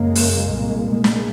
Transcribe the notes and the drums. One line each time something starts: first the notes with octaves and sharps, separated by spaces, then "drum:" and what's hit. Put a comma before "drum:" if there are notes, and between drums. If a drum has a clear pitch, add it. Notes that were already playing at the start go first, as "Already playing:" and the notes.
Already playing: F#2 C#3 G#3 A#3
drum: open hi-hat
C2 A#2
G#3 A#3
drum: snare